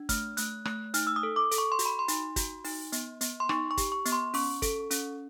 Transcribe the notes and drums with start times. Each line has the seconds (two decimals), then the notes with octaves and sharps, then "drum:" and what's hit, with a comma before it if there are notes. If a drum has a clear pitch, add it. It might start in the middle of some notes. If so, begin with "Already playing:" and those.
Already playing: D4
0.09 A3 F6, drum: kick, hi-hat
0.37 A3 F#6, drum: hi-hat
0.65 A3 F#6, drum: rim click
0.94 D#4 F6, drum: hi-hat
1.07 E6
1.16 D#6
1.23 A4
1.36 D6
1.51 A4, drum: hi-hat
1.58 C#6
1.72 C6
1.79 F#4, drum: hi-hat
1.86 B5
1.99 C6
2.08 D#4, drum: hi-hat
2.36 F#4, drum: kick, hi-hat
2.64 D#4, drum: open hi-hat
2.92 B3, drum: hi-hat
3.21 B3, drum: hi-hat
3.40 C6
3.49 D#4 C#6, drum: rim click
3.71 C#6
3.77 G4, drum: kick, hi-hat
3.92 C#6
4.05 B3, drum: hi-hat
4.12 C6
4.34 C#4 C#6, drum: open hi-hat
4.62 A4, drum: kick, hi-hat
4.91 C#4, drum: hi-hat